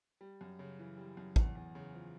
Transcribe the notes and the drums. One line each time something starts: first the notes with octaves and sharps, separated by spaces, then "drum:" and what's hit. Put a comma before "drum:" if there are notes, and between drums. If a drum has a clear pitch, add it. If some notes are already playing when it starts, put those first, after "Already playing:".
G3
F#2
C#3
E3
G3
F#2
E2, drum: kick
E2
C#3
F3